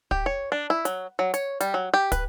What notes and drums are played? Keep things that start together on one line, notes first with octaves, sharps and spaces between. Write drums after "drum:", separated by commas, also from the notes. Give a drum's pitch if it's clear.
G4, drum: kick
C#5
D4
E4
F#3, drum: hi-hat
F#3
C#5, drum: hi-hat
G3, drum: hi-hat
F#3
G4
B4, drum: kick, hi-hat